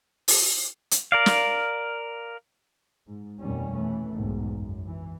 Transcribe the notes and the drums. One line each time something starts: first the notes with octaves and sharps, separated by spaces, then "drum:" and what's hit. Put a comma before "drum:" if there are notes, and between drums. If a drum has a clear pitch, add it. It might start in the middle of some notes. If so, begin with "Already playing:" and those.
drum: open hi-hat
drum: hi-hat
A#4 D5 F5
drum: snare
G#2
F1 D#2 B2 D#3 G3 C#4
E3 A3
B1 E2 G#2 D#3
F#2
E3